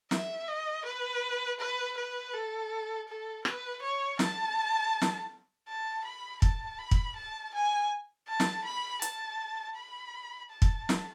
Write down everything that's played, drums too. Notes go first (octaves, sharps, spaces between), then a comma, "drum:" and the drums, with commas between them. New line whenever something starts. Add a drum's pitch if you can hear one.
E5, drum: snare
D#5
B4
B4
B4
A4
A4
B4, drum: rim click
C#5
A5, drum: snare
drum: snare
A5
B5
A5, drum: kick
B5
drum: kick
A5
G#5
A5
drum: snare
B5
A5, drum: hi-hat
B5
A5
drum: kick
drum: snare